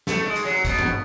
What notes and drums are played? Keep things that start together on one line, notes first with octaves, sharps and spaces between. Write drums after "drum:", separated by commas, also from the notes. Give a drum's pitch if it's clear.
A3, drum: snare
G#3
drum: hi-hat
F#3
B2, drum: kick, hi-hat
drum: tom G2